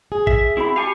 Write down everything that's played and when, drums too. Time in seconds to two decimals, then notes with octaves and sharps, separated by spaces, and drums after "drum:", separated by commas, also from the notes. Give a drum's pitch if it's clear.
0.12 G#4
0.27 E5, drum: kick
0.57 C4 E4 F#4 G5 B5
0.76 G4 F5 G#5 A5 C#6